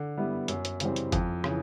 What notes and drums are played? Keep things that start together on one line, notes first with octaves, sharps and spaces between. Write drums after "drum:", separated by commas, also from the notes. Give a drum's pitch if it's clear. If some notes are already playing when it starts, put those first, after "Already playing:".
Already playing: D3
G3 B3 E4
F#2, drum: hi-hat
drum: hi-hat
C#3 E3 G3 C4, drum: hi-hat
drum: hi-hat
F2, drum: kick G1, hi-hat
C#3 E3, drum: rim click